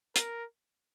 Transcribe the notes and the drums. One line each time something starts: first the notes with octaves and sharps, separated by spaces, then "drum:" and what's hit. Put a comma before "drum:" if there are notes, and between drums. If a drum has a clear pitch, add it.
A#4, drum: hi-hat